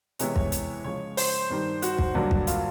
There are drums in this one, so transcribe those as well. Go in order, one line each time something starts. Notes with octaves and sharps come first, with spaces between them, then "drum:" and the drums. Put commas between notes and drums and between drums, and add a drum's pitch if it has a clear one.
C3 E3 G#3 B3 E4 C#5, drum: hi-hat
C#5, drum: kick
drum: hi-hat
C#3 F3 G#3 C#5
C5, drum: open hi-hat
G2 D#3 G3
F#4, drum: hi-hat
drum: kick
G2 D3 F#3 A#3 D4
drum: kick
F4, drum: hi-hat